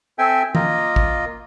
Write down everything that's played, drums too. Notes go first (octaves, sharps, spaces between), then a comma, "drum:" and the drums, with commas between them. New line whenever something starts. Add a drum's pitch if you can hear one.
C4 A4 E5 G5 G#5
A#3 F4 D#5, drum: tom
drum: kick